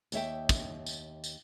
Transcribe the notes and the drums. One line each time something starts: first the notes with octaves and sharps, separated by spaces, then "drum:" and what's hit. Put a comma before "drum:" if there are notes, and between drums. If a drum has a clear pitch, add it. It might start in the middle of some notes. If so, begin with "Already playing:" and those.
D#2 C#5 E5 G5, drum: tambourine
drum: kick, tambourine
drum: tambourine
drum: tambourine